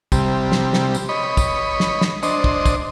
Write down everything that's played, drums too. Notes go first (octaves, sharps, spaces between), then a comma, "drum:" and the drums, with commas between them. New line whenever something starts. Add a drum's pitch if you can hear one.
C3 G3, drum: kick, tambourine
drum: snare
drum: snare
drum: tambourine
C#5 D#5 B5
drum: kick, tambourine
drum: snare
drum: snare
D4 C5 D#5, drum: tambourine
drum: kick
drum: kick, tambourine